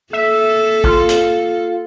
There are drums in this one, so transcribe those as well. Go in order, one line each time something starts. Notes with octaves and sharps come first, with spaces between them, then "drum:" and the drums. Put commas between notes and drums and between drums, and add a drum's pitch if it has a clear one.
A#3 A4 E5
F4, drum: kick A#1
drum: hi-hat